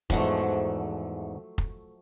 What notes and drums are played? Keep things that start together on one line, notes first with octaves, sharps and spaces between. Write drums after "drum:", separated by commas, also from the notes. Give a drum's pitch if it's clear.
E2 G#2 F3 F#3 A3, drum: kick F1
drum: kick F1